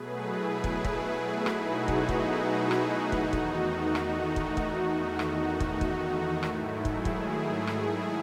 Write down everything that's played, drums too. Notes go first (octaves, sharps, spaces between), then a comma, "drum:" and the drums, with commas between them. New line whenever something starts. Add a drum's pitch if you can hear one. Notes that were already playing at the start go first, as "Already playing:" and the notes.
Already playing: B2 F#3 A3 G#4 B4
E4 G#4
drum: kick
drum: kick
D#4 F#4, drum: rim click
drum: kick
drum: kick
drum: rim click
E2 D#3 A3, drum: kick
drum: kick
drum: rim click
drum: kick
drum: kick
D#4
drum: rim click
drum: kick
drum: kick
G#2 D#3 F#3 A3 E4, drum: rim click
E4 G#4, drum: kick
drum: kick
drum: rim click